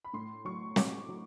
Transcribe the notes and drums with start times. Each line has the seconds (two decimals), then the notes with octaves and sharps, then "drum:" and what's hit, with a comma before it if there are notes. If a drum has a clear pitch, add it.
0.04 B5
0.13 A2 C6
0.45 F#3 C#6
0.76 A2 D6, drum: snare
1.09 F#3